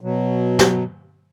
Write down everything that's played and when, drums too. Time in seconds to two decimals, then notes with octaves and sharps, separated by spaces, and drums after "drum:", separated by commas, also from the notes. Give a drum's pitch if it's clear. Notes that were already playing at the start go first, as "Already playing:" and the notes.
0.01 B2 F#3
0.59 drum: snare